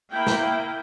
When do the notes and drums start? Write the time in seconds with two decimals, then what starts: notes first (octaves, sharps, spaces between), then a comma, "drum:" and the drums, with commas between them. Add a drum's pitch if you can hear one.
0.11 A#3 E4 G5
0.27 drum: snare